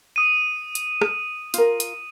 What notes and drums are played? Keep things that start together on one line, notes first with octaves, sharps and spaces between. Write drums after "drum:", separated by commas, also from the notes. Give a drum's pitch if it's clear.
D#6 D#7
drum: hi-hat
drum: rim click
F4 A#4, drum: hi-hat
drum: hi-hat